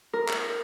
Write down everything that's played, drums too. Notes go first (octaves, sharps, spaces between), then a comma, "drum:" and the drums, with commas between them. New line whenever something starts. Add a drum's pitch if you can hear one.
A#4
drum: clap